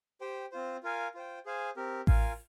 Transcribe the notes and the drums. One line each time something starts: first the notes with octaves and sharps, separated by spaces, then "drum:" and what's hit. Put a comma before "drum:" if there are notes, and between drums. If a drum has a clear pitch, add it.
G4 C5 G5
C4 F4 C5
F4 A#4 F5 G#5
F4 C5 G5
G#4 C5 F5 G#5
C4 G4 A#4
F4 A#4 F5 G#5, drum: kick A1